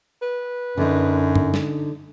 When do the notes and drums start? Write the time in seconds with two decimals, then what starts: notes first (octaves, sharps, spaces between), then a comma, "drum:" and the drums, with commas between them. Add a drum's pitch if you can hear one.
0.22 B4
0.77 F#2 D3 D#4
1.35 drum: tom G2
1.54 drum: snare